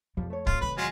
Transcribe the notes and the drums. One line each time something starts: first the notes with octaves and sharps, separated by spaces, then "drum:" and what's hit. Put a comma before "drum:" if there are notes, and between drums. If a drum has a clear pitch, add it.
B1 F2 F3 G3
A3 C#5
G#1 F4, drum: kick C#1
F1 D#3 B4
E2 F#3 G#3 F4